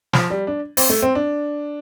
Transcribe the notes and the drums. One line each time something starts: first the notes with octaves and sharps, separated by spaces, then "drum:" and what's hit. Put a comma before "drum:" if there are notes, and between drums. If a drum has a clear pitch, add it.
F3, drum: snare
G3
D4
C4, drum: open hi-hat
A3
C4
D4